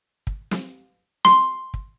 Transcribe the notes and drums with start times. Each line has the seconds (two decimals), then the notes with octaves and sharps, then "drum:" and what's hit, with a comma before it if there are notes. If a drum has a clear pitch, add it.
0.27 drum: kick
0.51 drum: snare
1.25 C6, drum: snare
1.74 drum: kick